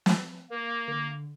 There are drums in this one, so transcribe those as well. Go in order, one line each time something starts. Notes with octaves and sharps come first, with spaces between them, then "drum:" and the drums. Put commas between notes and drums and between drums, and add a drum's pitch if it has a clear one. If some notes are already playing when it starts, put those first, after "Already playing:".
drum: snare
A#3 A#4
D3